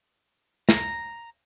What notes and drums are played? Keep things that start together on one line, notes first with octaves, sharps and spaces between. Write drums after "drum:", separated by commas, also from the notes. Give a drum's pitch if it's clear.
A#5, drum: snare